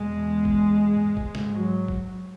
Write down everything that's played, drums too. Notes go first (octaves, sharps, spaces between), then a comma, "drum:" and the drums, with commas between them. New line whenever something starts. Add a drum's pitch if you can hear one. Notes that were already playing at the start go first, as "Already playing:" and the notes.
Already playing: E2 B2 G#3
drum: kick
G#2
drum: kick
drum: snare
F#3
drum: kick